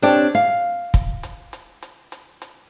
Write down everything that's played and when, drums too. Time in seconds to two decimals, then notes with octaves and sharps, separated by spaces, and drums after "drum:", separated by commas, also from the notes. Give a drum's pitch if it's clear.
0.02 C4 D4 G4 C#5 D5
0.35 F5, drum: hi-hat
0.94 drum: kick, hi-hat
1.23 drum: hi-hat
1.53 drum: hi-hat
1.82 drum: hi-hat
2.12 drum: hi-hat
2.42 drum: hi-hat